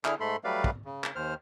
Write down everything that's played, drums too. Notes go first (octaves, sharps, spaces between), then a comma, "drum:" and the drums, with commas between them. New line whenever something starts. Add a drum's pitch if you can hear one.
D3 E4 G#4 F6, drum: clap
G#2 A3 A4 B5 C6
F#3 G3 A3 B4 D5 F5
drum: kick
C#3
drum: clap
D#2 C5 F6